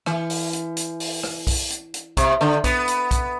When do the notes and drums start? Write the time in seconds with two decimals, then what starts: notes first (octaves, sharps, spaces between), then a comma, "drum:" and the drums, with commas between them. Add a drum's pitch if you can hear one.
0.06 E3, drum: rim click
0.30 drum: open hi-hat
0.53 drum: hi-hat
0.77 drum: hi-hat
1.00 drum: open hi-hat
1.23 drum: rim click
1.47 drum: kick B1, open hi-hat
1.70 drum: hi-hat
1.94 drum: hi-hat
2.17 C3, drum: kick B1, hi-hat
2.41 D3, drum: rim click
2.64 B3, drum: kick B1, hi-hat
2.88 drum: hi-hat
3.11 drum: kick B1, hi-hat